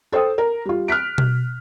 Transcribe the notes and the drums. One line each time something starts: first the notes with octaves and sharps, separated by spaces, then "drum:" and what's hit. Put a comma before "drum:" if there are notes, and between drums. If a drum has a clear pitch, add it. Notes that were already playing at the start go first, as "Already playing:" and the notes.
A4 C5 G5 D#6
A#4
G3 F4
F6 F#6 B6 D7
drum: tom B2